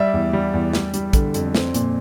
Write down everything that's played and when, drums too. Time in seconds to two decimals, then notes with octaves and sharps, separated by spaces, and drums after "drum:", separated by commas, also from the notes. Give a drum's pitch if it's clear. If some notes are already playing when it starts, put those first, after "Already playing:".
Already playing: G3 D5 E5
0.13 E2
0.33 G3
0.53 E2
0.73 G3, drum: snare
0.94 G3, drum: hi-hat
1.13 D3, drum: kick, hi-hat
1.34 F2, drum: hi-hat
1.55 C4, drum: snare
1.74 A#2, drum: hi-hat